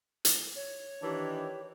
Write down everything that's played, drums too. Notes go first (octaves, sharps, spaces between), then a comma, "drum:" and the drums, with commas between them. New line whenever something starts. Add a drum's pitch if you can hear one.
drum: hi-hat
C#5
D#3 E3 D4 G4